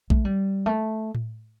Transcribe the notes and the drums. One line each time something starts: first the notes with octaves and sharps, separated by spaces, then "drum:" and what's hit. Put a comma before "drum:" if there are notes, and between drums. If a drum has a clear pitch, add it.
A3, drum: kick A#1
G3
A3
drum: tom A2